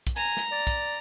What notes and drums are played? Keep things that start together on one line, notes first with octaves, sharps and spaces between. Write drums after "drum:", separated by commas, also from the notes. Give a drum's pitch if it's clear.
drum: kick, hi-hat
G#5 A#5
drum: snare
D5
drum: kick, hi-hat